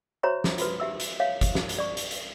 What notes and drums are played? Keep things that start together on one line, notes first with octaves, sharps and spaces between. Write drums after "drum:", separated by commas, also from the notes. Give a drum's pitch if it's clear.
F#4 C5 C#5 E5 A#5 C#6
drum: snare
F4 F#4 B4, drum: hi-hat
G4 E5 E6
drum: hi-hat
C#5 E5 F5
drum: kick G1, hi-hat
drum: snare
drum: hi-hat
D5 C#6
drum: hi-hat
drum: hi-hat